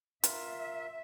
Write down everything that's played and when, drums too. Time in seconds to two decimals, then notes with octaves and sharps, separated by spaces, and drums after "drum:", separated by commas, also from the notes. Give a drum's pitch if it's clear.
0.24 F4 A#4 E5, drum: hi-hat